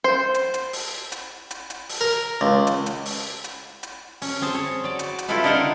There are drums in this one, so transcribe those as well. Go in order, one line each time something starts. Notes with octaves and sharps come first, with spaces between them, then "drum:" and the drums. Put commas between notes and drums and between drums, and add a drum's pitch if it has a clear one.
C5
drum: hi-hat
drum: hi-hat
drum: open hi-hat
drum: hi-hat
drum: hi-hat
drum: hi-hat
drum: open hi-hat
A#4
C#2
drum: hi-hat
drum: hi-hat
drum: open hi-hat
drum: hi-hat
drum: hi-hat
C#4, drum: open hi-hat
C4 G#4 A5
C#5
F#3 D5
drum: hi-hat
drum: hi-hat
E4 F4 G4 A4 B4 F5
D4 D#4 A#4 C5 F5 F#5